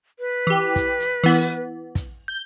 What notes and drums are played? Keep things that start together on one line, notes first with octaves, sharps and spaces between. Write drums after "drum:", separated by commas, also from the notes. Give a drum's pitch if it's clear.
B4
E3 G4
drum: kick, hi-hat
drum: hi-hat
E3 B3, drum: open hi-hat
drum: kick, hi-hat
G6